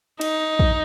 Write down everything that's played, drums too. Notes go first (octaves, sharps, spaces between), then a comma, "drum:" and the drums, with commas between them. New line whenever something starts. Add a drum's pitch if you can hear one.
D#4, drum: cymbal
drum: kick